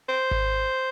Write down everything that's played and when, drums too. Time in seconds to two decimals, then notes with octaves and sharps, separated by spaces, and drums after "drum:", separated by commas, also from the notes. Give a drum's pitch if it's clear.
0.09 C5
0.31 drum: kick G#1